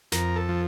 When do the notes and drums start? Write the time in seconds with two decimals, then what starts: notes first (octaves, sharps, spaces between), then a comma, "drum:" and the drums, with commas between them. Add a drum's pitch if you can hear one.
0.12 F2 A#4, drum: snare
0.36 A4
0.49 F3